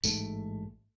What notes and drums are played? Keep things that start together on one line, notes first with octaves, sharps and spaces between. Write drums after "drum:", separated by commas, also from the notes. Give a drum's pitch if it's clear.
A1 G#2 A3, drum: tambourine